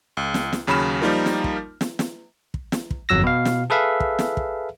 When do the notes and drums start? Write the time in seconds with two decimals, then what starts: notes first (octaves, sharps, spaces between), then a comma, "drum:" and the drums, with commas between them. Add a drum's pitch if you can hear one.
0.17 C#2
0.34 drum: snare
0.53 drum: snare
0.67 D#2 C#3 F#3 B5 F6 E7
1.02 F3 G3 A#3 D#4 F4 A#4
1.26 drum: snare
1.44 drum: kick
1.81 drum: snare
1.99 drum: snare
2.54 drum: kick
2.72 drum: snare
2.91 drum: kick
3.09 G1 F2 F#3 E6 A#6
3.24 B2 F5
3.45 drum: snare
3.70 G#4 A4 B4 E5 F5
4.00 drum: kick
4.19 drum: snare
4.37 drum: kick